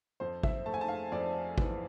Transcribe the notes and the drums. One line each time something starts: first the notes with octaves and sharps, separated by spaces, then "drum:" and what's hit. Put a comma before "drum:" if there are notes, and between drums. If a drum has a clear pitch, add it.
F2 C5
E5, drum: kick
A3 A5
G#5
A5
F5
F2 D5
E3, drum: kick